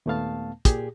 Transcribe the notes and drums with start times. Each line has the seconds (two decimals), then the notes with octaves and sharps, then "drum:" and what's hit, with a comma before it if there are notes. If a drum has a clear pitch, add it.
0.06 D#2 A#2 A3 B3 F5 A5
0.65 A#2 G4 G#4, drum: kick, hi-hat